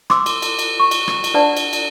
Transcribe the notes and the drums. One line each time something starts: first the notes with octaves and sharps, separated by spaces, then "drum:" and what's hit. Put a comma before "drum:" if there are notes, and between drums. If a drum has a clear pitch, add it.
C6 D6 E6, drum: rim click
drum: cymbal
drum: cymbal
drum: cymbal
C#6
drum: cymbal
drum: rim click
drum: cymbal
D4 B4 D5 F#5 A5
drum: cymbal
drum: cymbal